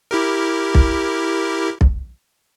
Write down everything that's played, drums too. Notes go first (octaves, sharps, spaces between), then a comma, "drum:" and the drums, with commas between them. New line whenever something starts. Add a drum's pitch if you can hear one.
E4 G4 A#4
drum: kick B1
drum: kick B1